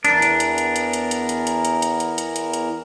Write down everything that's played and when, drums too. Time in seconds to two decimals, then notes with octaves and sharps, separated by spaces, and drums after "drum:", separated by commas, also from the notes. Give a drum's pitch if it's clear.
0.05 E2 E3 D4 A#4, drum: hi-hat
0.22 drum: hi-hat
0.40 drum: hi-hat
0.58 drum: hi-hat
0.76 drum: hi-hat
0.93 drum: hi-hat
1.11 drum: hi-hat
1.29 drum: hi-hat
1.47 drum: hi-hat
1.65 drum: hi-hat
1.82 drum: hi-hat
2.00 drum: hi-hat
2.18 drum: hi-hat
2.36 drum: hi-hat
2.54 drum: hi-hat